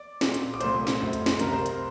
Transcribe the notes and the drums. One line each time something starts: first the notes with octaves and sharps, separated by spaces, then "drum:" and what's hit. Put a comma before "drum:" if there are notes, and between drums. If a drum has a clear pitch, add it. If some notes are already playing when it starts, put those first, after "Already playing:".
Already playing: D5 D6
A#2 F#3 C4, drum: snare
drum: hi-hat
D6
C2 A#2 A3 C5 C6, drum: hi-hat
drum: snare
F#2 F#3 A3 C4
drum: hi-hat
drum: snare
C2 C3 G3 A#3 A#4 A#5, drum: hi-hat
C5 C6
drum: hi-hat